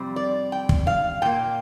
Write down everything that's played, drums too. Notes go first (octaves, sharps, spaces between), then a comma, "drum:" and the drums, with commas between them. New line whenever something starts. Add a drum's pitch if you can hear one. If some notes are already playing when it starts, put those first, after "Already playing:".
Already playing: F2 C3 G3 C4
D5
G5
drum: kick
F5
A#2 A#3 G5